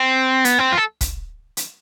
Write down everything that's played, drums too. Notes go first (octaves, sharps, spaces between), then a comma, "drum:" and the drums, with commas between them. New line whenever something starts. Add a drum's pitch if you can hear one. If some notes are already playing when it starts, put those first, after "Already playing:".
Already playing: C4
B3, drum: hi-hat
C4
F4
A4
drum: kick, hi-hat
drum: hi-hat